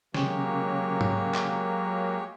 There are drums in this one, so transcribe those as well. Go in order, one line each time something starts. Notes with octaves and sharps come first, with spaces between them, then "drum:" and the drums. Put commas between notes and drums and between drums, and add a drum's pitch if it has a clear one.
C#3 F#3 G#3 A#3 C#4 G4 C#5, drum: snare
drum: tom G#2
drum: clap